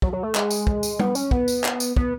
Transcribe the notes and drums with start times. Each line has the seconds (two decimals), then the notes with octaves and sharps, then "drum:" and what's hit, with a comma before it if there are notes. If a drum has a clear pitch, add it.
0.02 F#3, drum: kick
0.13 F#3
0.23 A3
0.35 G#3, drum: clap
0.51 drum: tambourine
0.67 drum: kick
0.83 drum: tambourine
0.99 B3, drum: tom
1.15 C#4, drum: tambourine
1.31 B3, drum: kick
1.48 drum: tambourine
1.64 drum: clap
1.80 drum: tambourine
1.96 B3, drum: kick